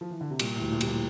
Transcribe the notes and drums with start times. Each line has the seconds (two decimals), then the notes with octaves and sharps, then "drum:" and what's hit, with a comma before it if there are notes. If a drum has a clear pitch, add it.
0.01 F3
0.10 E3
0.21 D3
0.30 C3
0.39 A#2 G3, drum: cymbal
0.56 D2 A2
0.71 A#2
0.81 A2 G3, drum: cymbal
0.88 A#2